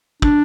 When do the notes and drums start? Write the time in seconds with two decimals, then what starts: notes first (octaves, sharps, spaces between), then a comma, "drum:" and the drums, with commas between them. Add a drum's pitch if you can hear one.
0.22 D4, drum: kick